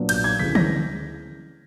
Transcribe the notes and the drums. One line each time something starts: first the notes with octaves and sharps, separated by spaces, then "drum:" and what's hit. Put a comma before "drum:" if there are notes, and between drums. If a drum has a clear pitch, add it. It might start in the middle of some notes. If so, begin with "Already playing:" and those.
Already playing: A#2 F#3 B3 D4
G6, drum: cymbal
G#6
D2 C#3 E3 B6
A#6, drum: tom